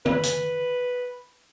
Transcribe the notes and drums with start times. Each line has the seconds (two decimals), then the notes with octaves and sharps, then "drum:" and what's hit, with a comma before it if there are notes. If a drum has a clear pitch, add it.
0.06 B4, drum: tom D3
0.23 drum: hi-hat